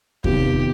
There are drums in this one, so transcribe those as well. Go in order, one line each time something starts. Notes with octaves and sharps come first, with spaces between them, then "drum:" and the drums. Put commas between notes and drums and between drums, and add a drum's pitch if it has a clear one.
C3 D#3 B3 F4 G4, drum: kick E2